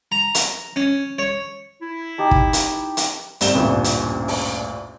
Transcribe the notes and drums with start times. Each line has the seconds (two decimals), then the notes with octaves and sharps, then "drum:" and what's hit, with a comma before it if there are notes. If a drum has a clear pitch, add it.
0.12 A#5
0.35 drum: hi-hat
0.76 C#4
1.19 C#5
1.82 E4
2.18 D#4 G4 A5
2.31 drum: kick
2.53 drum: hi-hat
2.97 drum: hi-hat
3.41 G#1 G3 E7 G7, drum: hi-hat
3.55 A1 D2 G2 A#2
3.84 drum: hi-hat
4.28 drum: open hi-hat